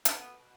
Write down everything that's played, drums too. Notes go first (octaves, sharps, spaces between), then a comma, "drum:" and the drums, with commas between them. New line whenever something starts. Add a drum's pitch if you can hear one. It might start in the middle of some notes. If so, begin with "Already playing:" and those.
B2 A3 B3, drum: hi-hat
B2